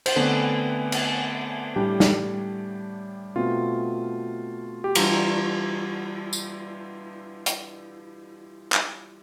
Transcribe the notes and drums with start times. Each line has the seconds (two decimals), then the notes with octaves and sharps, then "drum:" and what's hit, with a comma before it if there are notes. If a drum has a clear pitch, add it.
0.06 C5, drum: cymbal
0.16 D3 A3 B3 C4 B4
0.92 drum: cymbal
1.76 A2 G3 D4 G4
2.00 drum: snare
3.36 B2 A3 C4 F4
4.84 G4
4.95 E3 G3 D4 F4, drum: cymbal
6.33 drum: tambourine
7.46 drum: hi-hat
8.72 drum: clap